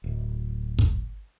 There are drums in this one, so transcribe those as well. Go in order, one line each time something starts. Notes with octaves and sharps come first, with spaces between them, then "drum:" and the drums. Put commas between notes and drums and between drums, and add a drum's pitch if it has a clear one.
D1
drum: kick